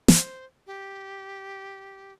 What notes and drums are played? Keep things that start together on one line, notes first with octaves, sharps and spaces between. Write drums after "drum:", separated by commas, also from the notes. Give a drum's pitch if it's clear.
C5, drum: snare
G4